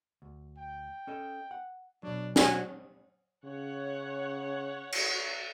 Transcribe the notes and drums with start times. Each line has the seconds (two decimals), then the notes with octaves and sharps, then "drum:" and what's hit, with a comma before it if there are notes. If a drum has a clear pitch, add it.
0.22 D2
0.58 G5
1.07 C#4 A4 D#5
1.51 F#5
2.03 B2 F#3 D4
2.36 F#4 G#5, drum: snare
3.44 C#3 C#4 C#5 F#5
4.92 drum: cymbal